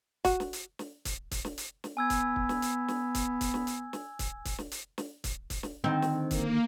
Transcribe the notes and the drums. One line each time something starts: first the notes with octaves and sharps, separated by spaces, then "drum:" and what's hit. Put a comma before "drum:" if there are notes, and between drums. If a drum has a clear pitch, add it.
F#4, drum: kick, hi-hat
drum: snare
drum: hi-hat
drum: snare
drum: kick, hi-hat
drum: kick, hi-hat
drum: snare
drum: hi-hat
drum: snare
B3 G#5 E6 G#6
drum: kick, hi-hat
drum: kick
drum: snare
drum: hi-hat
drum: snare
drum: kick, hi-hat
drum: kick, hi-hat
drum: snare
drum: hi-hat
drum: snare
drum: kick, hi-hat
drum: kick, hi-hat
drum: snare
drum: hi-hat
drum: snare
drum: kick, hi-hat
drum: kick, hi-hat
drum: snare
D3 D#3 C4 D#4
drum: snare
A#3, drum: kick, hi-hat